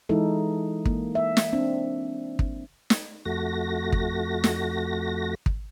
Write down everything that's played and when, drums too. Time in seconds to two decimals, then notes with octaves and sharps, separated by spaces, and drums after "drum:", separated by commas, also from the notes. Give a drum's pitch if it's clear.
0.09 E3 G#3 D#4 E4 A4
0.85 A#3, drum: kick
1.15 E5
1.37 drum: snare
1.53 C4 D4
2.39 drum: kick
2.90 drum: snare
3.25 F2 A3 F#4 A#6
3.92 drum: kick
4.44 drum: snare
5.46 drum: kick